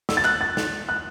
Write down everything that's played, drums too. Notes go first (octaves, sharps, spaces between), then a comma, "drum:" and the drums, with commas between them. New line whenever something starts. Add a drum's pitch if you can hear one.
E6, drum: snare
A6
F#6, drum: clap
A6
drum: snare
F#6